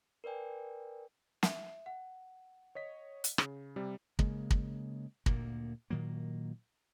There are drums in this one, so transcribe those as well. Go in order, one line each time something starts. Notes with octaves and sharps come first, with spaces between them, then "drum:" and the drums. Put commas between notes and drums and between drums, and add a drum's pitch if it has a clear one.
A#4 B4 D5 G5 G#5
E5, drum: snare
F#5
C#5 D#5 B6
drum: hi-hat
C#3, drum: rim click
C3 G3
C#3 G#3 A#3, drum: kick
drum: kick
D2 A#2 A#3, drum: kick
A#2 D#3 F#3 A#3